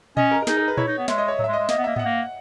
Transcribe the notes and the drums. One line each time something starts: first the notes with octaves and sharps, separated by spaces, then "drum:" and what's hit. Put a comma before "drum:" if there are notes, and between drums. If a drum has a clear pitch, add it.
C#4 D#5, drum: tom A#2
A#4
A#4
D#4 G#4, drum: snare
A#4
B4
E4 C#5, drum: tom A#2
D#4
B3
G#3 E5, drum: snare
D#5
C#5
F#3, drum: tom G#2
G#3 E5
D#5
G#3
A#3 D#5, drum: snare
B3
A#3 E5
B3 F#5, drum: tom G#2
A#3